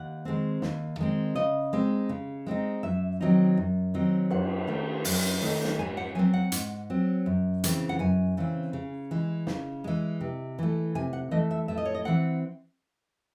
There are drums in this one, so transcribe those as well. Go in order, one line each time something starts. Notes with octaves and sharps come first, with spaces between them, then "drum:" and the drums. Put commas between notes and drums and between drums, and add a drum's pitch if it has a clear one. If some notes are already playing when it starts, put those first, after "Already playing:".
Already playing: D#2 F#5
D#3 G#3 C4
D#2, drum: snare
D#3 G#3 C4
C#3 D#5
G#3 C4 D#4
C#3
G#3 C4 D#4
F#2 E5
D#3 F#3 C4 D#4
F#2
D#3 F#3 C4 D#4
F#2 F#5, drum: cymbal
D#3 A3 D#4
F#2, drum: open hi-hat
D#3 A3 D#4
drum: snare
G#2 G#5
F#5
F#3 C4 G#5
F#5
G#2, drum: hi-hat
F#3 C4
F#2
C#3 E3 C4, drum: hi-hat
F#5
F#2 G#5
C#3 E3 C4
C#3
E3 G#3
C#3, drum: snare
E3 G#3
C3
E3 A3
C3 G#5
F#5
E3 A3 D#5
E5
A2 E5
D#5
C#5
D#5
E3 C4 F#5